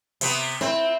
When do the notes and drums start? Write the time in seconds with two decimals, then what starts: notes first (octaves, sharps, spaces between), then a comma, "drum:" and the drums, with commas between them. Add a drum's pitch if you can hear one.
0.21 C3 B3, drum: open hi-hat
0.61 C4 E4